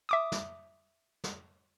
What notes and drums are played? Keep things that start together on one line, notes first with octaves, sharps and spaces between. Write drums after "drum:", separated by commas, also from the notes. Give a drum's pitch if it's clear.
E5 D6 D#6
drum: snare
drum: snare